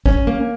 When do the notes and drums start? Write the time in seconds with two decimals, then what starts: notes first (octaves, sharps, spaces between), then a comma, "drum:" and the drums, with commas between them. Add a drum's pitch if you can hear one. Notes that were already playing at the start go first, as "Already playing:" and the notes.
0.06 C#4, drum: kick G#1
0.27 A#3